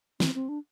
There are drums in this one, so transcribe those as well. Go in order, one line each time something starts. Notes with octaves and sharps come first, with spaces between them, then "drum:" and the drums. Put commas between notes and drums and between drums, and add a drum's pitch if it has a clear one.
C4, drum: snare
C4
D4